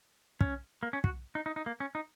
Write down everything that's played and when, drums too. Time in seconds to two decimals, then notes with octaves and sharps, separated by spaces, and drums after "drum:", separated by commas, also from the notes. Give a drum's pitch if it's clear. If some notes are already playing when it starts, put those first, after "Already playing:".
0.41 C#4, drum: kick
0.83 A#3
0.93 C#4
1.04 F#4, drum: kick
1.35 D#4
1.46 D#4
1.56 D#4
1.66 A#3
1.80 C#4
1.95 D#4